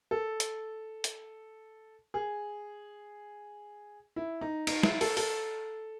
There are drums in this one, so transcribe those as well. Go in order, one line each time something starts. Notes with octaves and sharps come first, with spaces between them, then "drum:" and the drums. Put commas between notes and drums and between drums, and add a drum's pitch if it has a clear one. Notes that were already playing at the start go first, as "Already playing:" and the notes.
A4
drum: hi-hat
drum: hi-hat
G#4
E4
D#4
D#4, drum: cymbal
E4, drum: snare
A4, drum: open hi-hat
A4, drum: open hi-hat